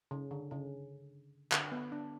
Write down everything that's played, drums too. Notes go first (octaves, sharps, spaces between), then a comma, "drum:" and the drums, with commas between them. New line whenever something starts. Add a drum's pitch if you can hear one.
C#3
D3
C#3
D3, drum: clap
B3
D4